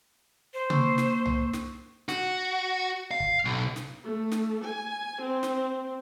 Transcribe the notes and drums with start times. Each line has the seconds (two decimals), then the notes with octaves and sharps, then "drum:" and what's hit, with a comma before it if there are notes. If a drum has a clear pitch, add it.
0.54 C5
0.70 A#3 C#6 E6, drum: tom C3
0.98 drum: snare
1.26 drum: tom C2
1.53 drum: snare
2.09 F#4, drum: snare
3.11 F5
3.20 drum: kick
3.45 B1
3.76 drum: snare
4.05 A3
4.32 drum: snare
4.64 G#5
5.22 C4
5.43 drum: snare